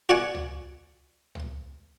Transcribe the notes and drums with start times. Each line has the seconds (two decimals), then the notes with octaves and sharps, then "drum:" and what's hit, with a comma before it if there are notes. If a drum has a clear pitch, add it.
0.09 F#4 D5 F#5 G#5
0.34 drum: tom C#2
1.35 drum: tom C#2